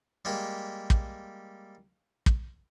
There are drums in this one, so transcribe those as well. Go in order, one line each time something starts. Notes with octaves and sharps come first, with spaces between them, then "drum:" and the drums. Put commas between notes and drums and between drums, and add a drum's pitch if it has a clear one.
G3 G#3 A#3 G4
drum: kick
drum: kick